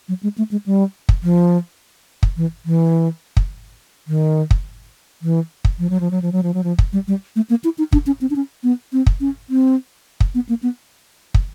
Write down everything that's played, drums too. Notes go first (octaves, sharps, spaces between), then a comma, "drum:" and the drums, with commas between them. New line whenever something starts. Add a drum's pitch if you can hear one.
F#3
G#3
A3
G#3
G3
drum: kick
F3
drum: kick
E3
E3
drum: kick
D#3
drum: kick
E3
drum: kick
F3
F#3
F3
F#3
F3
F#3
F3
F#3
F3
drum: kick
G3
G3
A3
A#3
E4
D#4
D4, drum: kick
C#4
C4
D4
C#4
B3
C4
drum: kick
C#4
C4
drum: kick
B3
A#3
B3
drum: kick